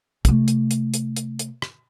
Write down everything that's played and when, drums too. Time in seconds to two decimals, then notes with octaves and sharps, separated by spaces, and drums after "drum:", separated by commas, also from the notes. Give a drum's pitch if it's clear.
0.25 C3 A3, drum: kick, hi-hat
0.48 drum: hi-hat
0.71 drum: hi-hat
0.94 drum: hi-hat
1.16 drum: hi-hat
1.39 drum: hi-hat
1.62 drum: rim click